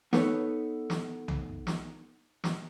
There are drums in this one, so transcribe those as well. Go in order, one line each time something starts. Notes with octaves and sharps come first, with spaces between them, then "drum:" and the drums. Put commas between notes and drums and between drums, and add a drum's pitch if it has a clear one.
B3 D#4 A4 B4 C#5, drum: snare
drum: snare
drum: tom B1
drum: snare
drum: snare